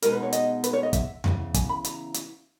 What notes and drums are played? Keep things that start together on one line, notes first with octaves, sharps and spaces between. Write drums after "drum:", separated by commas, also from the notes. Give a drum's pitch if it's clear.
B2 G#3 B3 D#4 A#4, drum: hi-hat
B4
C#5
D#5, drum: hi-hat
B4, drum: hi-hat
C#5
D#5
E5, drum: kick, hi-hat
E2 C#3 E3, drum: tom E2
G#5, drum: kick, hi-hat
B5
A#5, drum: hi-hat
drum: hi-hat